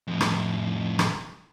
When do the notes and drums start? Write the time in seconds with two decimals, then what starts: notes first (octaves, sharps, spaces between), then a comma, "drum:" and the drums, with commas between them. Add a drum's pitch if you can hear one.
0.07 F2 A2
0.21 drum: rim click
0.99 drum: rim click